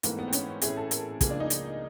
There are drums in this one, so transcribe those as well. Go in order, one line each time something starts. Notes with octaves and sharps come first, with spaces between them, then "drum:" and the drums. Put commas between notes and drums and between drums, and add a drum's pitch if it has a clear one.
G#2 E3 A3 A#3 C4, drum: hi-hat
B3
C4
C#4, drum: hi-hat
A2 E3 A3 C#4 E4 G#4, drum: hi-hat
A4
A#4, drum: hi-hat
C#2 C#3 F3 A#3 G#4, drum: kick, hi-hat
D4
D#4
drum: hi-hat